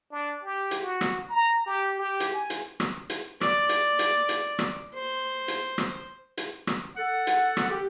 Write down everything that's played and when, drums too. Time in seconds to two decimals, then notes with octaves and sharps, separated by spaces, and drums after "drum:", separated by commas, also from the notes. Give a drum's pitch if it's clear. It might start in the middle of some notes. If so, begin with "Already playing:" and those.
0.11 D4
0.43 G4
0.71 drum: hi-hat
0.82 F#4
1.01 drum: rim click
1.29 A#5
1.66 G4
1.98 G4
2.20 drum: hi-hat
2.33 G#5
2.50 drum: hi-hat
2.80 drum: rim click
3.10 drum: hi-hat
3.41 D5, drum: rim click
3.69 drum: hi-hat
3.99 drum: hi-hat
4.29 drum: hi-hat
4.59 drum: rim click
4.94 C5
5.48 drum: hi-hat
5.78 drum: rim click
6.37 drum: hi-hat
6.67 drum: rim click
6.97 A4 F#5
7.27 drum: hi-hat
7.57 drum: rim click
7.70 G4